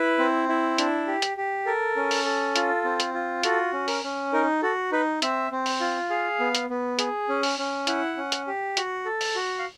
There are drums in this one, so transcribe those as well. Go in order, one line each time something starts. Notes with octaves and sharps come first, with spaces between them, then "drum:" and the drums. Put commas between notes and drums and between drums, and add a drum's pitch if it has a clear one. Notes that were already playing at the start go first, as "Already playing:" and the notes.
Already playing: E4 B4
C4
E4
D4, drum: hi-hat
G4
drum: hi-hat
G4
A4 A#4
C#4
drum: open hi-hat
A4
F4, drum: hi-hat
C4
drum: hi-hat
F4
F#4 A4, drum: hi-hat
C#4
A#4, drum: open hi-hat
C#4
D#4 A#4
F#4 A4
D#4 B4
C4 E5, drum: hi-hat
C4
drum: open hi-hat
F4
G#4 F5
B3
drum: hi-hat
B3
G#4, drum: hi-hat
C#4
drum: open hi-hat
C#4
E4 F#5, drum: hi-hat
C#4
drum: hi-hat
G4
F#4, drum: hi-hat
A4
drum: open hi-hat
F#4
F5